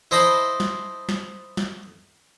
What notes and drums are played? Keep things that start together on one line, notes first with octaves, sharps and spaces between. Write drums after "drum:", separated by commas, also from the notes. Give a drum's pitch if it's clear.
E4 C5 D#5 A5 B5 C6
drum: snare
drum: snare
drum: snare